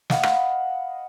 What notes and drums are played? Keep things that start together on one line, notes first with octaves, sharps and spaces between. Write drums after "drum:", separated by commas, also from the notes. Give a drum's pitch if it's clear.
D#5 F5 F#5 B5, drum: snare
drum: rim click